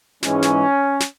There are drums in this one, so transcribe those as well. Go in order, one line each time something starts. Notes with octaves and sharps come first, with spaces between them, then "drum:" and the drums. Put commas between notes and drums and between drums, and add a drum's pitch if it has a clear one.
G#2 E3 G#3 C#4, drum: snare
drum: snare
drum: snare